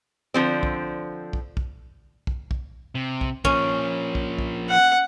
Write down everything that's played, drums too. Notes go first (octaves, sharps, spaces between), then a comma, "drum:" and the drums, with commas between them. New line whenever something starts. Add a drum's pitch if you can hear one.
D3 F3 C4
drum: kick
drum: kick
drum: kick
drum: kick
drum: kick
C3
drum: kick
F3 A#3 C#4, drum: kick
drum: kick
drum: kick
F#5